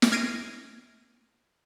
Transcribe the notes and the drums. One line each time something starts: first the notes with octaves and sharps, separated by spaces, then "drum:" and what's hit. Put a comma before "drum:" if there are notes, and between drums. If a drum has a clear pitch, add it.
drum: snare
F6 G#6 A#6 C7 D7 D#7